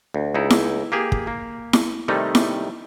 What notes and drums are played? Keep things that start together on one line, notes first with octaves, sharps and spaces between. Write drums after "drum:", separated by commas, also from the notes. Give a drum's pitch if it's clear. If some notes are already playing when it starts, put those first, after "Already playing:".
D2
C#2 D#4 E4
drum: snare E4
A#3 G4 G#4
drum: kick
A#3
drum: snare E4
C3 D#3 G3 A3 D#4
drum: snare E4